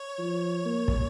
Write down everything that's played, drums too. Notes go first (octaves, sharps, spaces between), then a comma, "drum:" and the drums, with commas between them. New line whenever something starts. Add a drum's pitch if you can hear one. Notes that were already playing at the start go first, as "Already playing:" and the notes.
Already playing: C#5
F3
A#3
drum: kick